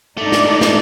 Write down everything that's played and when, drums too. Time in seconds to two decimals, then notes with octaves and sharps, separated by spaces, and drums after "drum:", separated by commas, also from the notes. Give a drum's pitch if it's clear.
0.18 G#2 A3 D4 D#4 D5
0.32 drum: snare
0.61 drum: snare